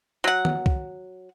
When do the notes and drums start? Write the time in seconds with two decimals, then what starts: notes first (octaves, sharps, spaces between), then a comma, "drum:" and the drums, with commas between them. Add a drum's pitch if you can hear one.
0.24 F#3 F#5
0.45 drum: tom D#3
0.66 drum: kick